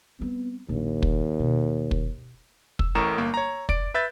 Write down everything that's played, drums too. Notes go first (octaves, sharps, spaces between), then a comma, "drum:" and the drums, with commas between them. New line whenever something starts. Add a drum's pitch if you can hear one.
G3 B3 C4
A#1 D#2 F#3
drum: kick
B2
drum: kick
E6, drum: kick
A1 A2 A#4 A#5 C#6 E7
G1 A#3
C#5 A#5
D5 D7, drum: kick
B4 E5 G6 A6